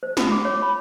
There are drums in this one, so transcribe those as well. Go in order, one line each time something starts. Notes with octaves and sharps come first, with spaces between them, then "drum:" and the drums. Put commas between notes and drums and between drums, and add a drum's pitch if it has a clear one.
C5
F4, drum: snare
D6
C#5
B5